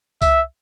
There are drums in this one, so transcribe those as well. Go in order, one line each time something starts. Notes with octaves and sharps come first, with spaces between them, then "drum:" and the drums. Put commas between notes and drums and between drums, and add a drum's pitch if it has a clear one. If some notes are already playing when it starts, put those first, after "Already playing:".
E5, drum: kick C2, tambourine